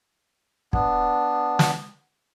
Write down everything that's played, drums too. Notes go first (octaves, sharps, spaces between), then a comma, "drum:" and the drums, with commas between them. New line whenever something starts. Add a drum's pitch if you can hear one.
B3 D4, drum: kick
drum: snare